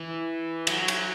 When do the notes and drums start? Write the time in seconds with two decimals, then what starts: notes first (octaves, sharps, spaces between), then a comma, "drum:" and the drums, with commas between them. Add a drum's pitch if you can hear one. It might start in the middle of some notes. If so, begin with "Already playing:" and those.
Already playing: E3
0.67 F#3, drum: cymbal
0.88 drum: cymbal